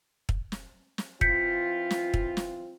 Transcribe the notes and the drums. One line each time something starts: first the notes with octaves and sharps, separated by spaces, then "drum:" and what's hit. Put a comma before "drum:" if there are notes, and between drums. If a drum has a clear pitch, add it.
drum: kick
drum: snare
drum: snare
E3 C4 F4 G6 B6 C#7, drum: kick
drum: snare
drum: kick
drum: snare